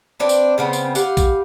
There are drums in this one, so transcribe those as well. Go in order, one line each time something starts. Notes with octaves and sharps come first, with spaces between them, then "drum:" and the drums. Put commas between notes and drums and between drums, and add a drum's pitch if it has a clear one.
C4 D4 B4
drum: tambourine
C#3 B3 C4
drum: tambourine
G4 B4 F5 F#5, drum: tambourine
drum: kick A#1, tambourine